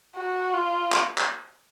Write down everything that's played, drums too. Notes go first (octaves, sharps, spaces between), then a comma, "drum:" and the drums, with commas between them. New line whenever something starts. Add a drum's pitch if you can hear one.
F#4
F4
drum: clap
drum: clap